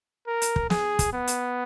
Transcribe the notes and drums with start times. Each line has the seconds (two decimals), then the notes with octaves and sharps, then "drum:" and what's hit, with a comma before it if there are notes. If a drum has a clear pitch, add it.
0.27 A#4
0.42 drum: hi-hat
0.56 drum: kick
0.70 G#4, drum: snare
0.99 drum: kick, hi-hat
1.13 B3
1.27 drum: hi-hat